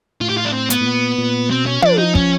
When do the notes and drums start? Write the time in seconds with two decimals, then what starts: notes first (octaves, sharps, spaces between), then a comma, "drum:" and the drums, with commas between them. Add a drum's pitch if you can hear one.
0.21 A2 F4
0.29 G4
0.37 F4
0.45 D4
0.53 C4
0.70 B3, drum: hi-hat
0.81 A2
0.86 A#2
1.18 A#2
1.49 B2 C4
1.66 C#4
1.82 F3 D4, drum: tom
1.98 D#4
2.15 C#4, drum: kick